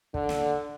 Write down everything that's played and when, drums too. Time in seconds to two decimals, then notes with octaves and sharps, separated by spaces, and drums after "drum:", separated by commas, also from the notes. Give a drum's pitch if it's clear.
0.14 D3, drum: kick
0.29 drum: snare